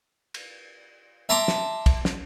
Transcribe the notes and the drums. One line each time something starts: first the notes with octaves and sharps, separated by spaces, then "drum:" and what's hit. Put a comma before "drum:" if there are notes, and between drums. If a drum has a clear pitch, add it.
drum: cymbal
E5 A5 A#5 C6 D6
drum: snare
drum: kick, cymbal
drum: snare